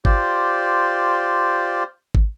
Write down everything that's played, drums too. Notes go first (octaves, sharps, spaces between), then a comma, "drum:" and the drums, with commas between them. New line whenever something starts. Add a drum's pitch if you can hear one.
F4 G4 C5 D5, drum: kick G#1
drum: kick G#1